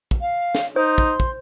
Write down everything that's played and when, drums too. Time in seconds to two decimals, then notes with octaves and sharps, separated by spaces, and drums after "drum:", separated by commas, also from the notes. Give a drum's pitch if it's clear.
0.11 drum: kick
0.21 F5
0.55 drum: snare
0.76 D#4 C5 C6
0.98 drum: kick
1.20 drum: kick